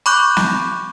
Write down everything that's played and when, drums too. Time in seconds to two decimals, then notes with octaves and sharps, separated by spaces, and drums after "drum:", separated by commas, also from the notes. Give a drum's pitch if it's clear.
0.06 B5 C#6 D6 F#6 G6
0.37 drum: snare